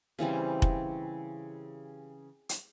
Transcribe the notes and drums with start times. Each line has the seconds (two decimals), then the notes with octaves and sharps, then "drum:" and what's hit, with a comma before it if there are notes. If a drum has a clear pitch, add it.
0.19 C#3 E3 G3 C4
0.62 drum: kick F1
2.49 drum: hi-hat